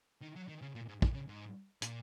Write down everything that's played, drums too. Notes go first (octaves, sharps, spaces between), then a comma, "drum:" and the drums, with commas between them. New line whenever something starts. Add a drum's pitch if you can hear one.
D#3
F#3
D#3
C#3
A#2
G#2
A#2, drum: kick
C#3
G#2
A#2, drum: hi-hat